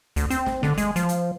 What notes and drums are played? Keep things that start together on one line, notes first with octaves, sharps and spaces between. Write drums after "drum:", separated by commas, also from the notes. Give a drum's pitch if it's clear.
D2, drum: hi-hat
C4, drum: hi-hat
drum: snare
D3, drum: snare
G#3, drum: kick, hi-hat
F3, drum: hi-hat
drum: hi-hat